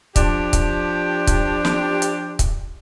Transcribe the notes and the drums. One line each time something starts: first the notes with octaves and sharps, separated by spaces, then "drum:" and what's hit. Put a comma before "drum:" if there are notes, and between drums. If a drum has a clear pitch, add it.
F3 D4 G4, drum: kick C#1, hi-hat
drum: kick C#1, hi-hat
drum: kick C#1, hi-hat
drum: snare
drum: hi-hat
drum: kick C#1, hi-hat